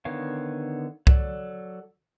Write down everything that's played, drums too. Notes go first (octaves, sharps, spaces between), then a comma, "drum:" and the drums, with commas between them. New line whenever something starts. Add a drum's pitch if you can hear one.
D3 D#3 B3 C#5 F5
F#3 A4 D5, drum: kick C2